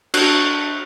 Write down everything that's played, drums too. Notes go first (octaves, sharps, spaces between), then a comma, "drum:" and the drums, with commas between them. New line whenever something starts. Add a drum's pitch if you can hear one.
D4 F#4 F#6, drum: cymbal